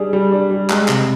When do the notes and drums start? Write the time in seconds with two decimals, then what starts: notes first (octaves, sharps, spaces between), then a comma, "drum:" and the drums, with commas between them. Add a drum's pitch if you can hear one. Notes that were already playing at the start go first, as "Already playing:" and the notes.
Already playing: G3 D4 G#4
0.13 G3
0.32 D4
0.51 G3
0.70 G#3, drum: clap
0.88 C3, drum: clap